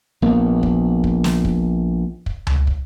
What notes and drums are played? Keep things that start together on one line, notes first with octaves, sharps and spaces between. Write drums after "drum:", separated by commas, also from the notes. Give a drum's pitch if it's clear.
A#1 A#3 B3
drum: kick
drum: kick
drum: snare
drum: kick
drum: kick
drum: tom C#2
drum: kick